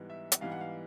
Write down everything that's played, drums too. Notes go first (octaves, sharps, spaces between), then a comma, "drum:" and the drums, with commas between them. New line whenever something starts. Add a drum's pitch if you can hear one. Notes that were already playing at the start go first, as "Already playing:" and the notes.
Already playing: G#2 E3 G3 B3
E5
drum: hi-hat
G#2 E3 G3 B3 F5
F#5
F5